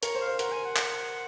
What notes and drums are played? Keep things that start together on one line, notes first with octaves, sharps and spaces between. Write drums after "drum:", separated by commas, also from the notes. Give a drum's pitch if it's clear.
A#4 C#5, drum: hi-hat
C5
F5
C5
A#4 F#5, drum: hi-hat
G#5
F#5
drum: clap